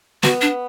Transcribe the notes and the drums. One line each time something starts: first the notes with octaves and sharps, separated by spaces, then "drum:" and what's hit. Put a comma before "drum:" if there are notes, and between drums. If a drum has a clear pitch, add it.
B3 F#4, drum: snare
D4